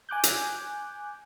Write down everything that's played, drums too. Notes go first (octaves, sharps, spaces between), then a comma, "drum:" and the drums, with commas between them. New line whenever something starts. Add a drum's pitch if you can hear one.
G#5 D6 F#6 G6
drum: hi-hat